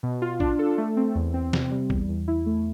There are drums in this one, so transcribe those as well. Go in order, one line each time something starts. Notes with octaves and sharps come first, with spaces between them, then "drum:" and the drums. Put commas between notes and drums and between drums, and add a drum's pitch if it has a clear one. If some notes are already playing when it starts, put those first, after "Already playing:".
B2
F4
D4, drum: kick A#1
A4
A3
C4
E2
C4
C3, drum: snare
G3
E2, drum: kick A#1
E2
E4
A3